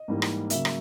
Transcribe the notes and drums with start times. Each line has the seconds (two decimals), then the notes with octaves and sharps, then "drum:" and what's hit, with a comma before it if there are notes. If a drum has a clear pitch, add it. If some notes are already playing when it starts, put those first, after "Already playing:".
Already playing: D#5
0.08 G#2 E3 G3 A#3
0.22 drum: rim click
0.50 C#3 F#3 A#3 E5, drum: hi-hat
0.65 drum: rim click